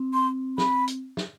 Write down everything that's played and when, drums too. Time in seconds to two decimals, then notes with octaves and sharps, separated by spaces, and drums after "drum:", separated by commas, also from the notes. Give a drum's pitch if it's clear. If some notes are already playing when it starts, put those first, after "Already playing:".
Already playing: C4
0.14 C6
0.58 B5, drum: snare
0.88 drum: hi-hat
1.17 drum: snare